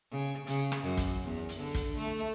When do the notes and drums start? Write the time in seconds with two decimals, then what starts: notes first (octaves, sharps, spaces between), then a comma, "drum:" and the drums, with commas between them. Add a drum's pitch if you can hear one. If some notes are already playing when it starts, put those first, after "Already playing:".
0.11 C#3
0.47 C#3, drum: hi-hat
0.72 drum: rim click
0.83 F#2
0.97 drum: kick, hi-hat
1.23 E2
1.49 drum: hi-hat
1.59 D3
1.75 drum: kick, hi-hat
1.97 A3